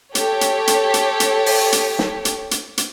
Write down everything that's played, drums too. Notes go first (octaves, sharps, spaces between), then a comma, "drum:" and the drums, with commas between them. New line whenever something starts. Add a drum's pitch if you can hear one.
G4 A4 C#5, drum: hi-hat
drum: hi-hat
drum: hi-hat
drum: hi-hat
drum: hi-hat
drum: open hi-hat
drum: hi-hat
drum: snare
drum: hi-hat
drum: hi-hat
drum: hi-hat